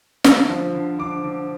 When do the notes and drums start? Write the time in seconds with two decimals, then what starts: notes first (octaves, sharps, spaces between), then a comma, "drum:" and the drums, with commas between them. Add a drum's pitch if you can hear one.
0.24 D3, drum: snare
0.49 F3
0.75 D3
0.99 D3 D6
1.24 D3